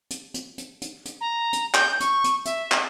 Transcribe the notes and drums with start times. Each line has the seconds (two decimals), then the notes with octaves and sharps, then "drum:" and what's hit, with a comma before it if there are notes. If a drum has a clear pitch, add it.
0.10 drum: hi-hat
0.34 drum: hi-hat
0.58 drum: hi-hat
0.82 drum: hi-hat
1.05 drum: hi-hat
1.21 A#5
1.53 drum: hi-hat
1.74 G6, drum: clap
2.00 C#6, drum: hi-hat
2.24 drum: hi-hat
2.45 E5, drum: hi-hat
2.72 drum: clap